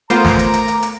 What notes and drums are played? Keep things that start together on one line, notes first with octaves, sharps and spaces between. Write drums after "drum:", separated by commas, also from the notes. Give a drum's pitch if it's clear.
A3 B3 F4 A#4 C5 A#5 D6, drum: hi-hat
drum: snare
drum: hi-hat
drum: hi-hat
drum: hi-hat
drum: hi-hat